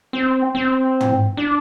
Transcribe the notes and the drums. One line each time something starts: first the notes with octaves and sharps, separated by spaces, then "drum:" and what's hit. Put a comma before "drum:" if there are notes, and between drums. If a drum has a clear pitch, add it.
C4
C4
drum: tom
D4